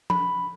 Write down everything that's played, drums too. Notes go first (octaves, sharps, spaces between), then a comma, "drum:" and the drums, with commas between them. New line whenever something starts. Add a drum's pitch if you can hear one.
B5, drum: tom F3